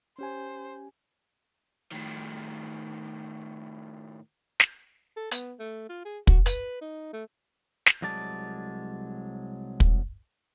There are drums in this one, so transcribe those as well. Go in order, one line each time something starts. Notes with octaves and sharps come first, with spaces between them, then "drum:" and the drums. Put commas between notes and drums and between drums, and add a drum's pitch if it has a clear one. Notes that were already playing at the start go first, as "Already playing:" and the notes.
C#4 G4 C5 G#5
A2 D#3
drum: snare
A4
B3, drum: hi-hat
A3
F4
G#4
F#4, drum: kick
B4, drum: hi-hat
D#4
A3
drum: snare
C2 F#3 G#3 D5 A5
drum: kick